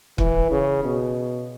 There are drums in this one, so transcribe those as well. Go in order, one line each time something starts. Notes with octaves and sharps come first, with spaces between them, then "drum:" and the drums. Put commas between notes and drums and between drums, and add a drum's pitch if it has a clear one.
E3, drum: kick
C#3
B2